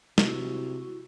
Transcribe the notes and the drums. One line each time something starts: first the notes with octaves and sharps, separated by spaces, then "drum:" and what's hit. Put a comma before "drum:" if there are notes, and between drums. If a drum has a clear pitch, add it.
C3 E4 F#4 C#6, drum: snare